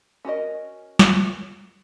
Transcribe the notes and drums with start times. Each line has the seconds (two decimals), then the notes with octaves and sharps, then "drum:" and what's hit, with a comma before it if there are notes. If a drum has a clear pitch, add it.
0.25 C#4 F#4 A#4 D#5
0.99 drum: snare